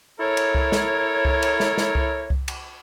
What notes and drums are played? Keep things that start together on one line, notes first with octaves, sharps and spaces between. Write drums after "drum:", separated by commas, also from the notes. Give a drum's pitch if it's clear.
E4 A4 A#4 C#5
drum: cymbal
drum: kick C2
drum: snare
drum: kick C2
drum: cymbal
drum: snare
drum: snare
drum: kick C2
drum: kick C2
drum: cymbal